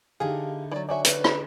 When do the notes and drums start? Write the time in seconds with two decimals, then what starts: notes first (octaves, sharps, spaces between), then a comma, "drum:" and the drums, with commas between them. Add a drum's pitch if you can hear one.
0.20 D3 D#4 E4 G4 G#4 F5
0.72 E3 F#3 D5
0.89 F#3 F#4 C#5 D5 E5 G#5
1.05 B4, drum: hi-hat
1.24 drum: rim click